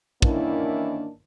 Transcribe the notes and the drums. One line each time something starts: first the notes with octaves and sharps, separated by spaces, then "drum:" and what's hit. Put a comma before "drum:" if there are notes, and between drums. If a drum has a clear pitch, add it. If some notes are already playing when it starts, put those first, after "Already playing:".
D#3 E3 A#3 C#4 D4 E4, drum: kick